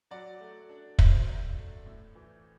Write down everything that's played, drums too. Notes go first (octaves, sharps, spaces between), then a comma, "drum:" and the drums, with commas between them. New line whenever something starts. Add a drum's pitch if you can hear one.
F#3 D5 F#5
A3
D4
F#3 C5 E5, drum: kick
F#3
A3
A2
E3